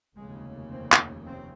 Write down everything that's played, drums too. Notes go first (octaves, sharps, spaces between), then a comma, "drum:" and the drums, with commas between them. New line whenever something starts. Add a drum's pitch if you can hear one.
F1 D#2 C#3 G#3
C4
drum: clap
C4